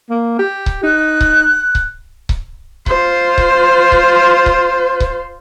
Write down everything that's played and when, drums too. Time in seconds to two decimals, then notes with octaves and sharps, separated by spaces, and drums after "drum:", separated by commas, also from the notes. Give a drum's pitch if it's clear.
0.10 A#3
0.39 G4
0.66 drum: kick C#1
0.83 D#4 F#6
1.21 drum: kick C#1
1.75 drum: kick C#1
2.29 drum: kick C#1
2.86 F4 C5, drum: kick C#1
3.38 drum: kick C#1
3.92 drum: kick C#1
4.46 drum: kick C#1
5.00 drum: kick C#1